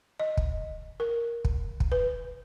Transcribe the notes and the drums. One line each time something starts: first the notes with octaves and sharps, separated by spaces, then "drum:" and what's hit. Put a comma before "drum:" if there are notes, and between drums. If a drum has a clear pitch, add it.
D#5
drum: kick
A#4
drum: kick
drum: kick
B4